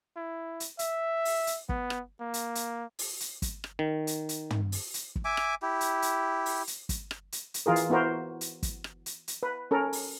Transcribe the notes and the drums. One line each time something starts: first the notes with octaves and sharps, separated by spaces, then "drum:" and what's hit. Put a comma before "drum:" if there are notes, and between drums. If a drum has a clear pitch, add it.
E4
drum: hi-hat
E5, drum: hi-hat
drum: open hi-hat
drum: hi-hat
B3, drum: kick
drum: rim click
A#3
drum: hi-hat
drum: hi-hat
drum: open hi-hat
drum: hi-hat
drum: kick, hi-hat
drum: rim click
D#3
drum: hi-hat
drum: hi-hat
drum: tom
drum: open hi-hat
drum: hi-hat
drum: kick
E5 G#5 D6
drum: rim click
E4 G4
drum: hi-hat
drum: hi-hat
drum: open hi-hat
drum: hi-hat
drum: kick, hi-hat
drum: rim click
drum: hi-hat
drum: hi-hat
E3 F4 G#4 A#4
drum: hi-hat
B3 E4 F#4 A#4 C5
drum: hi-hat
drum: kick, hi-hat
drum: rim click
drum: hi-hat
drum: hi-hat
B4
C#4 A4 A#4
drum: open hi-hat